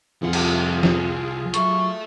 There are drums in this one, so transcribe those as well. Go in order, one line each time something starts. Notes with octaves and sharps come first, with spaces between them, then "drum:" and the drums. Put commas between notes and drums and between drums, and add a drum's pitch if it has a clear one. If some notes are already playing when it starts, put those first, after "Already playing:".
C2 F2 F4 G#4 F#5
drum: cymbal
drum: snare
F#3 A4 E5 C#6, drum: hi-hat